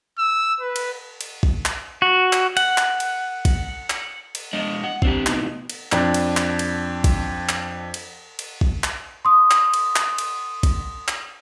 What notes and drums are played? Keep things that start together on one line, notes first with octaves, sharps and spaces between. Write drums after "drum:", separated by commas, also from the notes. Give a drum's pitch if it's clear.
E6
B4
drum: cymbal
drum: cymbal
drum: kick A1
drum: clap
F#4
drum: clap
F#5, drum: cymbal
drum: clap
drum: cymbal
drum: kick A1, cymbal
drum: clap
drum: cymbal
G#3 D4 D5 D#5
F#5
C4 D4 G4, drum: kick A1
A2 C3 B3 D#4, drum: clap
drum: cymbal
F2 D4, drum: clap
drum: cymbal
drum: clap
drum: cymbal
drum: kick A1, cymbal
drum: clap
drum: cymbal
drum: cymbal
drum: kick A1
drum: clap
C6 D#6
drum: clap
drum: cymbal
drum: clap
drum: cymbal
drum: kick A1, cymbal
drum: clap